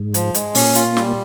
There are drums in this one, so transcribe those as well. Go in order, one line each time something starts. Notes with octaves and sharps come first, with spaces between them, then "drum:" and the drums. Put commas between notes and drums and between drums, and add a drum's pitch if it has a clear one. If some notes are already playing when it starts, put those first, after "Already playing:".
Already playing: G#2
F3, drum: hi-hat
G#3, drum: hi-hat
A#2 C#4, drum: open hi-hat
F4, drum: hi-hat
G3, drum: snare